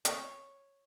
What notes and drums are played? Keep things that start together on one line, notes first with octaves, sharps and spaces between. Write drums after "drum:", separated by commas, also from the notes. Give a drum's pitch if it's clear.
C#5, drum: hi-hat